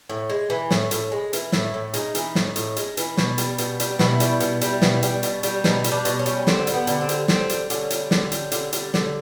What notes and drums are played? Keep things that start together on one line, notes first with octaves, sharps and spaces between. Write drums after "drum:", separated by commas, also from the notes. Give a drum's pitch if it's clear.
A2
G#3
E3
A2, drum: snare
A2, drum: hi-hat
G#3
E3, drum: hi-hat
A2 E4, drum: snare
A2
G#3 D#4, drum: hi-hat
E3, drum: hi-hat
A2, drum: snare
A2, drum: hi-hat
G#3, drum: hi-hat
E3, drum: hi-hat
B2, drum: snare
G3, drum: hi-hat
B2, drum: hi-hat
G3, drum: hi-hat
B2 E4, drum: snare
G3, drum: hi-hat
B2, drum: hi-hat
G3, drum: hi-hat
B2, drum: snare
G3, drum: hi-hat
B2, drum: hi-hat
G3, drum: hi-hat
B2 D#4, drum: snare
G3, drum: hi-hat
D4
B2, drum: hi-hat
C#4
G3, drum: hi-hat
D3 C4, drum: snare
G3, drum: hi-hat
B3
D3, drum: hi-hat
C4
G3, drum: hi-hat
D3 C4, drum: snare
G3, drum: hi-hat
D3 C#4, drum: hi-hat
G3, drum: hi-hat
D3, drum: snare
G3, drum: hi-hat
D3, drum: hi-hat
G3, drum: hi-hat
D3, drum: snare